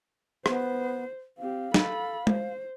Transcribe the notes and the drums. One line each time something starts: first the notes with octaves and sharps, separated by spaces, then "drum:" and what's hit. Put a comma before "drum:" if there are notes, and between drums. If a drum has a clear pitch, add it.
B3 C5, drum: rim click
C4 G4 F5
A4 B5, drum: snare
C5, drum: tom